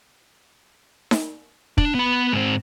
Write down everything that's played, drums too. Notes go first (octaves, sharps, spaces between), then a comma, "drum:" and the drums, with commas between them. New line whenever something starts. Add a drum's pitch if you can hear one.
drum: snare D#4
D4, drum: kick
B3 B5
G#2 C4